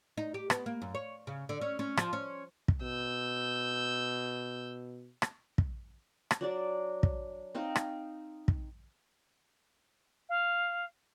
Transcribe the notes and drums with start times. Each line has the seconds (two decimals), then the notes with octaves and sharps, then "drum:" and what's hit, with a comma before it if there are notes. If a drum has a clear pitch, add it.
0.17 D#4
0.34 G4
0.50 B3, drum: rim click
0.66 A#3
0.82 F#2
0.95 C#5
1.27 C#3
1.49 D3
1.61 C#4
1.79 C#4
1.97 F3, drum: rim click
2.13 C#4
2.68 drum: kick
2.83 B2 E6 G6
5.22 drum: rim click
5.58 drum: kick
6.31 drum: rim click
6.41 F#3 D4 D5
7.03 drum: kick
7.55 C4 D#4 F5
7.76 drum: rim click
8.48 drum: kick
10.29 F5